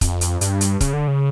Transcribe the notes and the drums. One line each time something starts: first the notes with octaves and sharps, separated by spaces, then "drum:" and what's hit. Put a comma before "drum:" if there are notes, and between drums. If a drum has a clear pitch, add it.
F2, drum: kick C#1, hi-hat
drum: hi-hat
G2, drum: hi-hat
drum: hi-hat
C#3, drum: kick C#1, hi-hat
D3
C#3